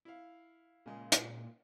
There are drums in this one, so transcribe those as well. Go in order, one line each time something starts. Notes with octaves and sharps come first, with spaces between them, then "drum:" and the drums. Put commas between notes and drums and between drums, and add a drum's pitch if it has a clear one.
E4 F5
A#2 C#3 G#3
drum: hi-hat